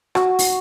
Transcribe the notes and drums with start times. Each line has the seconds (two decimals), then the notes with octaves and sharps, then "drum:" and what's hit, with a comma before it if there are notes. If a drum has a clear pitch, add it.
0.15 F#4, drum: rim click
0.39 drum: open hi-hat